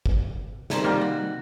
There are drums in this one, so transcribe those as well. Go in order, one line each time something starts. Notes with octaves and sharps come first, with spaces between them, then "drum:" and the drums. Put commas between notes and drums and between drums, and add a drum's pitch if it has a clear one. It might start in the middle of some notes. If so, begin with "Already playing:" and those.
drum: kick
C3 D#3 E4 A#4 C5, drum: snare
G3 A#3 F4 A#4
F#4